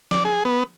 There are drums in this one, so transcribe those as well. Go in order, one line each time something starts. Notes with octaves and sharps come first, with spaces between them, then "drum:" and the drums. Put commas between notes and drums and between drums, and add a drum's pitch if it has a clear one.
D5, drum: snare
G#4
B3